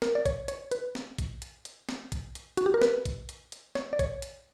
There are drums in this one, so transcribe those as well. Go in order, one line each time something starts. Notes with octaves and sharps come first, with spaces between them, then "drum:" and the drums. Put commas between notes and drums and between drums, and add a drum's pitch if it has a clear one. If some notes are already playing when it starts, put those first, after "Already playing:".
A#4, drum: snare
D5
C#5, drum: kick A#1, hi-hat
C#5, drum: hi-hat
B4, drum: hi-hat
drum: snare
drum: kick A#1, hi-hat
drum: hi-hat
drum: hi-hat
drum: snare
drum: kick A#1, hi-hat
drum: hi-hat
F#4, drum: hi-hat
G4
A#4
B4, drum: snare
drum: kick A#1, hi-hat
drum: hi-hat
drum: hi-hat
C#5, drum: snare
D5
C#5, drum: kick A#1, hi-hat
drum: hi-hat